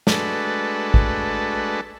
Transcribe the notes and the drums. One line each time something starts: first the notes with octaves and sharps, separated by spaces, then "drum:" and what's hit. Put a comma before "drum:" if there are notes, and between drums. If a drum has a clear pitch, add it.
G#3 A3 D4 F#4 A4 B4, drum: snare
drum: kick